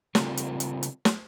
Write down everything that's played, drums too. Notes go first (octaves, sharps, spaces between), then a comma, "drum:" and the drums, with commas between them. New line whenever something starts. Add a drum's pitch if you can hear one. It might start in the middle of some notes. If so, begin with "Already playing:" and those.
C#3 G3 C4 F4 G4 A#4, drum: snare
drum: hi-hat
drum: hi-hat
drum: hi-hat
drum: snare